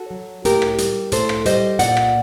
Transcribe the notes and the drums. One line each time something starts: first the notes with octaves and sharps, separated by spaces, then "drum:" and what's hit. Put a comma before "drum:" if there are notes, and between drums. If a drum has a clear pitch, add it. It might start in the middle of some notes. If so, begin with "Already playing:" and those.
Already playing: F#4 A4
F#3
A2 G4 A#4, drum: hi-hat
drum: rim click
G3, drum: hi-hat
A2 A4 C5, drum: hi-hat
drum: rim click
G3 C5 D#5, drum: hi-hat
A#2 D5 F#5, drum: hi-hat
drum: rim click